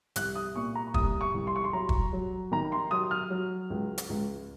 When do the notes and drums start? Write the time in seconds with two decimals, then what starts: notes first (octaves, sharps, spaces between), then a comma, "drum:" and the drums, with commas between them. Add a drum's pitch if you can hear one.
0.16 C2 F#6, drum: hi-hat
0.35 D#6
0.56 A#2 C#6
0.75 A#5
0.94 C2 D#6, drum: kick
1.21 C#6
1.34 C2
1.47 C6
1.56 C#6
1.64 C6
1.73 F#3 A#5
1.89 drum: kick
2.13 F#3
2.52 D#3 A#5
2.72 C6
2.91 F#3 D#6
3.11 F6
3.30 F#3
3.70 C#2
3.98 drum: hi-hat
4.10 C#2